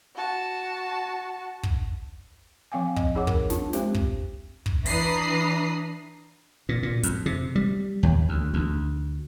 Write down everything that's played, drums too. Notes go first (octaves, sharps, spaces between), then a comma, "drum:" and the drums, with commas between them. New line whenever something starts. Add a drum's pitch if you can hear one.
F#4 A5
drum: kick
F3 C4 F5 G5 G#5
D#5, drum: kick
D#4 G#4 C#5 F#5 D6
A#4, drum: kick
D4 F4 A5, drum: snare
G#3 C4 G4 C5, drum: snare
drum: kick
drum: kick
E3 D4 A#5 B5 D#6 C7, drum: open hi-hat
A#2
A#2
F2, drum: hi-hat
C3
G3
D#2
D2
D2